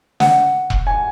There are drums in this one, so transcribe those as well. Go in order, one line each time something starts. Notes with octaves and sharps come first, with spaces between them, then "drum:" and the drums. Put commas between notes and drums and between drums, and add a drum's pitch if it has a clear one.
F#5, drum: snare
drum: kick E1
G#5